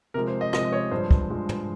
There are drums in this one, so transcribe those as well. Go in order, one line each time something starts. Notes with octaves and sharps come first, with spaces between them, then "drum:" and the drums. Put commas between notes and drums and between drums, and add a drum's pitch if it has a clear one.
C3 F3 G#3 A#4
C5
D#5
C3 F3 G#3 D#5, drum: rim click
C#5
G2 F3 G#3 C5
drum: kick
G2 F3 G#3
drum: tom